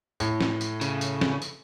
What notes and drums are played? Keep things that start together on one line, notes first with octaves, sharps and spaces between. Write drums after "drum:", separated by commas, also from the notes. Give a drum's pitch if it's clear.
A2, drum: tambourine
drum: snare
drum: tambourine
C#3, drum: tambourine
drum: tambourine
drum: snare
drum: tambourine